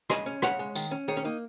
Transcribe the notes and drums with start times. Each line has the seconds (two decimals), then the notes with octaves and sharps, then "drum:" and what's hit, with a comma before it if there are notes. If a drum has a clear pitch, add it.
0.10 C#3 D#5 G#5, drum: rim click
0.26 C#4
0.42 C#3 C#5 F#5, drum: rim click
0.59 G#3
0.75 D#3, drum: tambourine
0.91 C#4
1.08 D#3 G#4 C#5
1.17 C#4
1.24 A#3 D#4